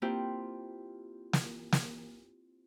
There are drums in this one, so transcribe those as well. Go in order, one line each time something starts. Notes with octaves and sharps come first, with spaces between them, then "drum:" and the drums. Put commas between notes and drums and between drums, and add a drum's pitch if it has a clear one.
A#3 C4 E4 F4 G4
drum: snare
drum: snare